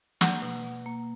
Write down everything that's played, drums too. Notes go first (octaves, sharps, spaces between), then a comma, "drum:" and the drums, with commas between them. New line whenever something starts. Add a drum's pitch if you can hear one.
A#3 F#5, drum: snare
B2
B2
A#3